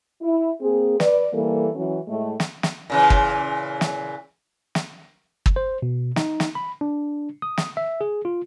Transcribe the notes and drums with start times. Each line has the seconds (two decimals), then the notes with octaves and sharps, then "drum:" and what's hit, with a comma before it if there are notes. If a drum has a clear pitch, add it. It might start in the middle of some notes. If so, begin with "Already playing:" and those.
0.22 E4
0.62 A#3 C4 G#4
1.00 B4 D5, drum: snare
1.33 E3 G3 A#3 A4
1.75 E3 F#3 C#4 F#4
2.08 A2 G#3 A3
2.40 drum: snare
2.63 drum: snare
2.90 A#2 C#3 E3
3.10 drum: kick
3.81 drum: snare
4.75 drum: snare
5.46 drum: kick
5.56 C5
5.82 B2
6.16 D#4, drum: snare
6.40 drum: snare
6.55 B5
6.81 D4
7.42 D#6
7.57 drum: snare
7.77 E5
8.01 G#4
8.25 F4